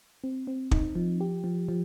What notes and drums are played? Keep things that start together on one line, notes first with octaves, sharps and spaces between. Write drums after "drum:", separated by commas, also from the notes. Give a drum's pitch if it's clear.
C4
C4
D#4, drum: kick
F3
G4
F3
F3